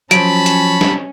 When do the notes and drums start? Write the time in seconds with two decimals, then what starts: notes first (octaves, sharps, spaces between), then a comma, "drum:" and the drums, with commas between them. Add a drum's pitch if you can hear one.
0.11 F3 F#3 C#4 A5 B5 D7, drum: hi-hat
0.46 drum: hi-hat
0.81 drum: snare